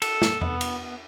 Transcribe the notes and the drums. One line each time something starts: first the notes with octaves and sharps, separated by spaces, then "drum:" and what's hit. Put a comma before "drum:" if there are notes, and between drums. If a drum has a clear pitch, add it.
A4, drum: cymbal
drum: snare
B3, drum: tom E2
drum: cymbal